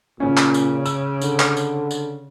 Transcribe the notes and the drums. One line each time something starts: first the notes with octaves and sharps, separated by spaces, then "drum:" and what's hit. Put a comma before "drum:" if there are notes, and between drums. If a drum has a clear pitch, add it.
A#2 C#3 C#4
drum: clap
drum: tambourine
E6, drum: tambourine
D3, drum: tambourine
drum: clap
drum: tambourine
drum: tambourine